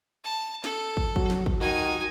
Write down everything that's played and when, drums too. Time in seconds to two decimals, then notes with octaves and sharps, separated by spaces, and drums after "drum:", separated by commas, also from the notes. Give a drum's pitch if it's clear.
0.24 A5
0.64 A4, drum: snare
0.97 drum: kick
1.16 F#3, drum: kick
1.30 drum: snare
1.46 drum: kick
1.60 D#3 D#4 F#4 G#5